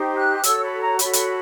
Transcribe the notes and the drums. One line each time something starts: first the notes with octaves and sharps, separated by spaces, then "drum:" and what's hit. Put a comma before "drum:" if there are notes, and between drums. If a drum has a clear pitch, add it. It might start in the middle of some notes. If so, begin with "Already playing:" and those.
Already playing: D#4 G4 C5
F#6
F#4 A4 C#5 E6, drum: hi-hat
B5
A#5
F#4 A4 C#5 B5, drum: hi-hat
drum: hi-hat